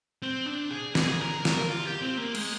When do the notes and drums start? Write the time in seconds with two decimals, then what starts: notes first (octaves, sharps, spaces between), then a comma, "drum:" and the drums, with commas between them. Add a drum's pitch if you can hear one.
0.22 C4
0.46 D4
0.71 G#4
0.95 G#4, drum: snare
1.08 G#4
1.20 A#4
1.45 A#4, drum: snare
1.68 F4
1.85 G4
2.01 C4
2.18 A#3
2.35 G#3, drum: cymbal